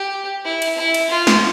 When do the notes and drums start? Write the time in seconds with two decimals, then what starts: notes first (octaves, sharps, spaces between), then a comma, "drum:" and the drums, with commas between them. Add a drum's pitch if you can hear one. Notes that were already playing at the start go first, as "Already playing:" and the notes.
Already playing: G4
0.45 E4
0.62 drum: cymbal
0.78 E4
0.94 drum: cymbal
1.10 F4
1.27 drum: snare